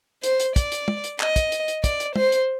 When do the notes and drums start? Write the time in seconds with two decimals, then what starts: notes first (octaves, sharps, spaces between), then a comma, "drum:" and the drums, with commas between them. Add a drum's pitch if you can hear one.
0.23 C5, drum: hi-hat
0.40 drum: hi-hat
0.56 D5, drum: kick, hi-hat
0.72 drum: hi-hat
0.88 drum: tom
1.04 drum: hi-hat
1.20 D#5, drum: clap
1.36 drum: kick, hi-hat
1.52 drum: hi-hat
1.68 drum: hi-hat
1.84 D5, drum: kick, hi-hat
2.00 drum: hi-hat
2.16 C5, drum: tom
2.32 drum: hi-hat